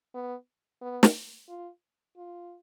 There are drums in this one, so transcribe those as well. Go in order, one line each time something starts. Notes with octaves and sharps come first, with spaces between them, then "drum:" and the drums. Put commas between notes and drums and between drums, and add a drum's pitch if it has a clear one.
B3
B3
drum: snare
F4
F4